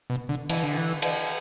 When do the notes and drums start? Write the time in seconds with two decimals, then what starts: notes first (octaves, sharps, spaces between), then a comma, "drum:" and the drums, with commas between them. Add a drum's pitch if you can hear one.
0.10 B2
0.29 D3
0.50 E3, drum: cymbal
0.63 D3
0.77 E3
1.02 drum: cymbal